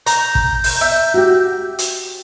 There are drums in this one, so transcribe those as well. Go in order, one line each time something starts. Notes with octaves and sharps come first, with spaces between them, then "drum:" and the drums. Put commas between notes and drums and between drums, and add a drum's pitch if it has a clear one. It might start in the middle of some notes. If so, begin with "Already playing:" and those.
A#5 G6, drum: hi-hat
drum: kick
drum: open hi-hat
E5
F#4 G4
drum: hi-hat